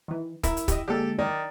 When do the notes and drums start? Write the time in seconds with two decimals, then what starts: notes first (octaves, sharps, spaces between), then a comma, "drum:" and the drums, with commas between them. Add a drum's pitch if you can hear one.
0.08 D#3 E3
0.43 E4 A#4, drum: kick, hi-hat
0.57 drum: hi-hat
0.68 G4 D#5, drum: kick, hi-hat
0.88 D3 G#3 A#3 G4 A4
1.19 D#3 D5